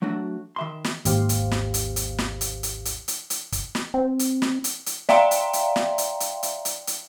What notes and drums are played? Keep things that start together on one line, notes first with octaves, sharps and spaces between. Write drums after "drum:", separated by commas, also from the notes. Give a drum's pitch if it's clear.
F#3 A3 D4 F#4
D#3 E5 C6
drum: snare
G#1 D#2 G4 C5 F5, drum: hi-hat
drum: hi-hat
drum: snare
drum: hi-hat
drum: hi-hat
drum: snare
drum: hi-hat
drum: hi-hat
drum: hi-hat
drum: hi-hat
drum: hi-hat
drum: kick, hi-hat
drum: snare
C4
drum: hi-hat
drum: snare
drum: hi-hat
drum: hi-hat
D5 E5 F5 G5 A#5 C6, drum: snare
drum: hi-hat
drum: hi-hat
drum: snare
drum: hi-hat
drum: hi-hat
drum: hi-hat
drum: hi-hat
drum: hi-hat